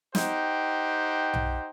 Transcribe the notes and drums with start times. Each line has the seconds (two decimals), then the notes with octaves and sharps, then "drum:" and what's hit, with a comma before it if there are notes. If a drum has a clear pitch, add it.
0.15 D#4 G4 C5 F#5 G5, drum: snare
1.34 drum: tom B1